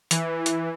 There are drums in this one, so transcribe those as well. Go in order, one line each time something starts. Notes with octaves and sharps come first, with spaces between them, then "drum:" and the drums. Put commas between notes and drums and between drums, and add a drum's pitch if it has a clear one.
E3, drum: hi-hat
drum: hi-hat